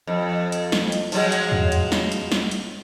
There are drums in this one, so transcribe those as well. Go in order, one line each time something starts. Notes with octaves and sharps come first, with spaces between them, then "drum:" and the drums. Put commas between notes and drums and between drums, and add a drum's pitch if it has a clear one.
F2
drum: hi-hat
drum: snare
drum: hi-hat
F3 F#3 G#3, drum: open hi-hat
drum: hi-hat
drum: tom E2
drum: hi-hat
drum: snare
drum: hi-hat
drum: snare
drum: hi-hat